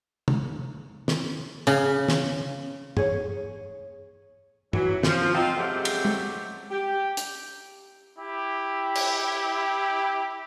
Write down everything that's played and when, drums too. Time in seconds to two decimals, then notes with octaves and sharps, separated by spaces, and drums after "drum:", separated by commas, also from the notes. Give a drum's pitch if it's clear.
0.28 drum: tom
1.08 drum: snare
1.67 C#3, drum: tambourine
2.08 drum: snare
2.97 G#4 C#5, drum: tom
4.73 E3 F#3, drum: tom
5.03 F3, drum: snare
5.33 A3 C4 D#4 F4
5.57 C#3 F#3 G#3 A3 C4 G4
5.85 drum: cymbal
6.05 drum: tom
6.71 G4
7.17 drum: hi-hat
8.18 E4 G4
8.95 drum: cymbal